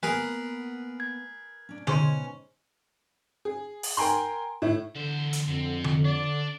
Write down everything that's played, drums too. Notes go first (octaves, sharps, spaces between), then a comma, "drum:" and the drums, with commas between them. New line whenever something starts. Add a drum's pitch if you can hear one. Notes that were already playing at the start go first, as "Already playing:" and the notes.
A#3 B3 G#4 A#4 B4 G#5
G#6
C#4 D4
B2 G#3 C#4 D#4 B4 C5 G#5, drum: tom D3
G#4
drum: open hi-hat
A#4 G5 G#5 A#5 C6
A2 E4
E2 D3 C5
drum: hi-hat
F2 C3 C4
drum: tom D3
D4 D5